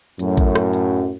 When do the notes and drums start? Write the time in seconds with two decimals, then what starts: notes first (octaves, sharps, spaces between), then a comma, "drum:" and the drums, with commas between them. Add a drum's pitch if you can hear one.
0.19 F#2 A2, drum: hi-hat
0.37 drum: kick A1, hi-hat
0.55 drum: rim click
0.73 drum: hi-hat